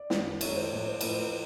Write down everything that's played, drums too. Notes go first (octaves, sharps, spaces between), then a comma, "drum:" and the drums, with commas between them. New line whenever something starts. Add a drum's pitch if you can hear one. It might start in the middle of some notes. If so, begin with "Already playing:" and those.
Already playing: D5
F#2 D#3 G#3, drum: snare
F#2 D#3 G#3 C#5, drum: cymbal
C5
A2 F3 A3 C#5
C5
A2 F3 A3 B4, drum: cymbal
C5